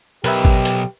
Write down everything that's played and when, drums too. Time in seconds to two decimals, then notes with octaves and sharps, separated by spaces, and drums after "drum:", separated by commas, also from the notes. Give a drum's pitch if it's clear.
0.24 B1 G4 A#4 B4 E5, drum: hi-hat
0.45 drum: kick G#1
0.65 drum: hi-hat